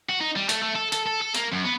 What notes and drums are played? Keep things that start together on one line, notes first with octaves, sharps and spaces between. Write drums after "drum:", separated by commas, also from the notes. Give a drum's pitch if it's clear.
F#4
D#4
G3
A3, drum: hi-hat
A3
A4
A4, drum: hi-hat
A4
A4
A#3, drum: hi-hat
F#2
B3